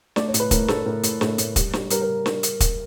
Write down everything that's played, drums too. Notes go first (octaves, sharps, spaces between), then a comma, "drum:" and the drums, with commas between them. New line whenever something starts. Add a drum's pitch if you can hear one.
A3 D5, drum: snare
C#5
A2, drum: hi-hat
B4
A2 A#4, drum: kick, hi-hat
A2 A4, drum: snare
A2 A#4
A2, drum: hi-hat
A2 A4, drum: snare
A2, drum: hi-hat
G3, drum: kick, hi-hat
G3, drum: snare
G3 A#4, drum: hi-hat
A#4
drum: snare
drum: hi-hat
drum: kick, hi-hat